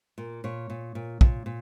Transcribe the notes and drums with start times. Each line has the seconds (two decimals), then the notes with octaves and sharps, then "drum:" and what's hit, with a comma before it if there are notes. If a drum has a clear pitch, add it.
0.18 A#2
0.44 A#2 C#5
0.70 A#2
0.95 A#2
1.21 A#2, drum: kick
1.46 A#2